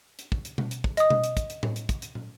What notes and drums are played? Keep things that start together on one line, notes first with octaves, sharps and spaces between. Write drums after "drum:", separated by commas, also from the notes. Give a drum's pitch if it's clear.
drum: hi-hat
drum: kick
drum: hi-hat
drum: tom B2
drum: hi-hat
drum: kick
D#5 D#6, drum: hi-hat
drum: tom B2
drum: hi-hat
drum: kick, hi-hat
drum: hi-hat
drum: tom A2
drum: hi-hat
drum: kick, hi-hat
drum: hi-hat
drum: tom